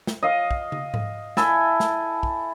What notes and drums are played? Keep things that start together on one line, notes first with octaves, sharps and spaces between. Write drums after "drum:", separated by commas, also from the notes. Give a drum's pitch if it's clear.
drum: snare
D#5 F5
drum: kick
drum: tom
drum: tom G#2
E4 A4 E5 G#5, drum: snare
drum: snare
drum: kick